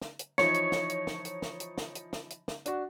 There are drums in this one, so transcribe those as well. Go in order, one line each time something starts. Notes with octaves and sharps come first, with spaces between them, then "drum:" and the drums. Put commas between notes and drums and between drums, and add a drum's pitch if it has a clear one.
drum: snare
drum: hi-hat
E3 F3 D#4 C#5 C#7, drum: snare
drum: hi-hat
drum: snare
drum: hi-hat
drum: snare
drum: hi-hat
drum: snare
drum: hi-hat
drum: snare
drum: hi-hat
drum: snare
drum: hi-hat
drum: snare
D4 F#4, drum: hi-hat